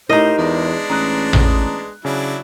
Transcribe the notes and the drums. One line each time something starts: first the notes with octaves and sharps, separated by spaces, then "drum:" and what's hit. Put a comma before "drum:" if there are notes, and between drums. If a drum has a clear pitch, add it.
A2 D#4 G4 A#4 C5 D#5
E2 G#3 B3 D4
A1 A#5 D#6 F#6
drum: tom A1
C#3 F#3 D4 E4